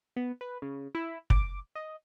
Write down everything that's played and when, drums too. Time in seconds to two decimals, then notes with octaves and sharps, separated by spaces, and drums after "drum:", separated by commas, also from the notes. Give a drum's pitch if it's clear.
0.16 B3
0.41 B4
0.62 C#3
0.95 E4
1.30 D6, drum: kick
1.75 D#5